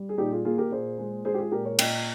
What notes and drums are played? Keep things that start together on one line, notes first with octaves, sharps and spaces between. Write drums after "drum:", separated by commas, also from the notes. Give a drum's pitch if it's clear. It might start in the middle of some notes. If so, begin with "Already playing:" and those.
Already playing: G3
G#4
A#2 D#4 G4
F4 G#4
A#3 F4 G#4
G4 A#4
A#2 G#4 C5
G#3
G#3 G#4 C5
G4
F4 G#4
A#2 G4 A#4
A#4 C#5
A#2 D#5 G5, drum: cymbal